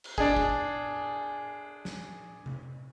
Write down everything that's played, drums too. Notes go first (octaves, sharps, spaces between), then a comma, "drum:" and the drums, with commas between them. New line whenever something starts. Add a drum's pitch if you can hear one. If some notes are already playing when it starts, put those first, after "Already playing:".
drum: cymbal
D4 G#4, drum: kick
drum: kick
drum: snare
drum: tom C3